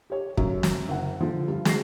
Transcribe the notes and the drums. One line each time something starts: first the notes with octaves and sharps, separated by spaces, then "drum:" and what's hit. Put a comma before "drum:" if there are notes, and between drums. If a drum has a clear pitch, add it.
G4 C#5
F#2, drum: kick
drum: snare
F#1 F#5
D3 F3
G2
G#3 F#4 A#6 C7, drum: snare